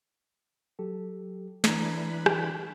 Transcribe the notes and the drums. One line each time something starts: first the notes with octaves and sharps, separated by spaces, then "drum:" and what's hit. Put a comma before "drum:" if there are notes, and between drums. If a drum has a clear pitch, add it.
F#3 G4 A4
E3 D4 A#5 B5 G#6, drum: snare
drum: rim click